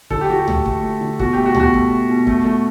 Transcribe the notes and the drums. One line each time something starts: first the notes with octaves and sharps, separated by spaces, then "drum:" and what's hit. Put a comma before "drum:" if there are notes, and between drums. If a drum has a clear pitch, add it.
D3 A4, drum: kick
G4
D3 F#4
G4
A3, drum: tom C#2
A3, drum: kick
A3
D3
B2 F#4, drum: kick
A3 G4
F#4
B2, drum: tom C#2
F#4
A3, drum: kick
A3
B2
A3, drum: kick
A3